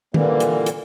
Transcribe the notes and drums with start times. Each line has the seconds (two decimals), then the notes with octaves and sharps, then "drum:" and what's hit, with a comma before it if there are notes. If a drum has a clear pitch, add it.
0.14 A#2 D3 E3 G3 A#3, drum: tom D#3
0.40 drum: hi-hat
0.66 drum: hi-hat